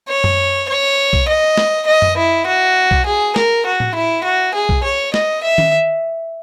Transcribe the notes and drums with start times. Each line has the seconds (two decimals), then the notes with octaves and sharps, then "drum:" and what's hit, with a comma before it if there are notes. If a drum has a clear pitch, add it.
0.09 C#5
0.24 drum: tom F#2
0.69 C#5
1.13 drum: kick B1
1.28 D#5
1.57 drum: snare
1.87 D#5
2.02 drum: tom F#2
2.17 E4
2.46 F#4
2.91 drum: kick B1
3.06 G#4
3.36 A#4, drum: snare
3.66 F#4
3.80 drum: tom A2
3.95 E4
4.24 F#4
4.54 G#4
4.69 drum: kick B1
4.84 C#5
5.14 D#5, drum: snare
5.43 E5
5.58 drum: tom D#3